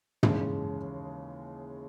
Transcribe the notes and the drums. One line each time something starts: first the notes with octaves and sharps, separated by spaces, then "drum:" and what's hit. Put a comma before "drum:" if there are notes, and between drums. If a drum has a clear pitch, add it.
D#2 C#3 E3 G#3, drum: tom